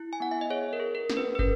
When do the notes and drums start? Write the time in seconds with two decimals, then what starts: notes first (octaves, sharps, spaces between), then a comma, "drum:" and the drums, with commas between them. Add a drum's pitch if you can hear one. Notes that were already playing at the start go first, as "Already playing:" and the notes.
Already playing: E4
0.13 G#5
0.20 B3 F#5
0.31 E5
0.41 D#5
0.50 G#4 C#5
0.73 A#4
0.80 G#4
0.95 A#4
1.10 C#4, drum: snare
1.17 B4
1.35 B4
1.39 C#4 A#4, drum: kick